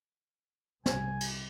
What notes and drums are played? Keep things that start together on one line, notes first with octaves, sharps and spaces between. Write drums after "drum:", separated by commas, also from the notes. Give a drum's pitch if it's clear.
C2 C3 G#5, drum: snare
drum: cymbal